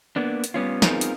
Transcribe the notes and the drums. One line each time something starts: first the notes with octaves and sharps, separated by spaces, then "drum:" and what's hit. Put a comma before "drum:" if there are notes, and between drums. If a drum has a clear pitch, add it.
A#3 B3 D4
drum: hi-hat
G3 B3 C#4 F4
B3 C4 D#4 F4 G#4 A#4, drum: snare
drum: hi-hat